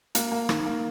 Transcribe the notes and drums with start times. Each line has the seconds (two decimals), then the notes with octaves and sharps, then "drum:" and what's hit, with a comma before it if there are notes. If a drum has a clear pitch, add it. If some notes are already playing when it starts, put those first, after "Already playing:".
0.15 A#3, drum: hi-hat
0.32 A#3
0.49 D#3, drum: rim click
0.66 A#3